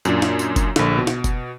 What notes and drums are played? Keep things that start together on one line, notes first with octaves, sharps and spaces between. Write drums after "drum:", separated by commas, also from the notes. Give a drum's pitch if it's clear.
F#2 A#2 D4, drum: tambourine
drum: snare
drum: tambourine
drum: kick F1, tambourine
A#1 D3, drum: snare
B2
drum: snare
drum: kick F1, tambourine